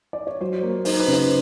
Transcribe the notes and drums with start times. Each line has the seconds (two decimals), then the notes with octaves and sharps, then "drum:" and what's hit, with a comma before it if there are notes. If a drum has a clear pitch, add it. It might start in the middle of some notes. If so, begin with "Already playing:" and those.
0.13 D5
0.27 C#5
0.40 F#3 C5
0.63 A#3
0.85 D#4 C5, drum: open hi-hat
1.00 B4
1.08 C#3
1.13 C5